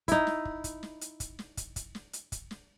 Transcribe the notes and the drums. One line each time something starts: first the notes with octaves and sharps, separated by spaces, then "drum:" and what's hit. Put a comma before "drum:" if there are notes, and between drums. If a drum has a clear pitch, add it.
D#4 E4, drum: kick, hi-hat
drum: snare
drum: kick
drum: kick, hi-hat
drum: snare
drum: hi-hat
drum: kick, hi-hat
drum: snare
drum: kick, hi-hat
drum: kick, hi-hat
drum: snare
drum: hi-hat
drum: kick, hi-hat
drum: snare